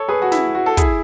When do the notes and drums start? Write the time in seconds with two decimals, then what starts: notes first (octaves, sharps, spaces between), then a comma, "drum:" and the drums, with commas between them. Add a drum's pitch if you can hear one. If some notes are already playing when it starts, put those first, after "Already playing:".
Already playing: A4 C#5
0.08 G#4 B4
0.22 F#4
0.32 E4, drum: snare
0.55 F#4
0.66 A4
0.77 E4 G#4, drum: kick, hi-hat